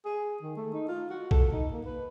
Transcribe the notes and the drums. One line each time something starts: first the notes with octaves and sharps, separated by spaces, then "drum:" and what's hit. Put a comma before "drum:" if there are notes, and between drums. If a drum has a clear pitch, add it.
G#4
D#3
A3
D#4
F4
F#4
A4, drum: kick B1
D#4
A#3
B4